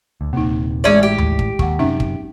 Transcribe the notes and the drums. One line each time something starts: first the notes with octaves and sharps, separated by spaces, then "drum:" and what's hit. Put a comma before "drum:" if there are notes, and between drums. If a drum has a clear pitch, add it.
D2
D#1 C3 A#3 D#4
A1 A2 G#3 C#4 G#4 D5 E5
G4
drum: tom D#2
drum: kick
D#2 F#5 C#6, drum: kick
F#2 C3 C#4 D#4 E5
drum: kick